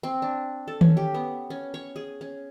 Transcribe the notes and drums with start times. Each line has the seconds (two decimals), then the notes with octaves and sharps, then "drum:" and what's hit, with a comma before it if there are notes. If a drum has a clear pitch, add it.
0.03 C4
0.22 D4
0.68 A4
0.81 C#4, drum: tom D#3
0.97 G4
1.14 B3
1.50 C#4
1.74 C#5
1.96 G#4
2.21 C#4